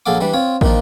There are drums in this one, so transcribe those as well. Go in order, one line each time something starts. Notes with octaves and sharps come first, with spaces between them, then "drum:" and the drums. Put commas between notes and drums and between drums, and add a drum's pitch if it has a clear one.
A#1 F#3 G#4 A4 F5 D6
E3 G3 D4
C4 F4 C#5
A#2 D#3 F3 D4 D#4, drum: kick